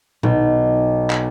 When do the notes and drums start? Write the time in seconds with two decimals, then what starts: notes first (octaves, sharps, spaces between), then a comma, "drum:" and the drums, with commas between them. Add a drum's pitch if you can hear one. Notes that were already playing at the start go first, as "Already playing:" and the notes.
0.23 B1, drum: tom A#2
1.10 drum: clap